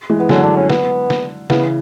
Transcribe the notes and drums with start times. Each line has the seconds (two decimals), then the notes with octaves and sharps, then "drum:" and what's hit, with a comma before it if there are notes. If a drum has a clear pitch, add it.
0.10 E3 G#3
0.20 B3
0.29 D3 F#3 C#4, drum: snare
0.43 D4
0.56 C#4
0.70 B3, drum: snare
1.10 drum: snare
1.50 C#3 E3 B3, drum: snare